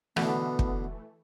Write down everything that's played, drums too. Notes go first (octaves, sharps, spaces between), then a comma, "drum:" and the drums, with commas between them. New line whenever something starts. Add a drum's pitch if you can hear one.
B2 D3 E3 A3 B3, drum: rim click
drum: kick